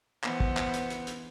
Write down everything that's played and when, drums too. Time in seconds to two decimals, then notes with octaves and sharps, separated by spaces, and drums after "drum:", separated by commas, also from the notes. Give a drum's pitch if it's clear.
0.24 E3 B3 C5, drum: clap
0.40 drum: kick
0.57 drum: clap
0.74 drum: hi-hat
0.90 drum: hi-hat
1.07 drum: hi-hat